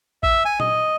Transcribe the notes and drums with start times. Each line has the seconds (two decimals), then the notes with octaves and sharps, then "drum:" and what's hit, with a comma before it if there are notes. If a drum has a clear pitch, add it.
0.23 E5, drum: kick A1
0.45 G#5
0.60 D#5, drum: tom A#2